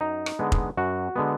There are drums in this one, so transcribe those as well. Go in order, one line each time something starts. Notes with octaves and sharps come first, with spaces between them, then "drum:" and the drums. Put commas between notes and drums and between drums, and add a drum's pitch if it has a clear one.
F#2 D#4
drum: rim click
D3 G#3 B3
drum: kick F1
F#2 F#4
D3 G#3 B3